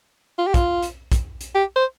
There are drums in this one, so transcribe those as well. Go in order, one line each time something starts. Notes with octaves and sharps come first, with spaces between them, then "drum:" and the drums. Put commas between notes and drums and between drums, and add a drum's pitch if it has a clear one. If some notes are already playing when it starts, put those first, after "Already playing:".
F4
G4
F4, drum: kick, hi-hat
drum: hi-hat
drum: kick, hi-hat
drum: hi-hat
G4
C5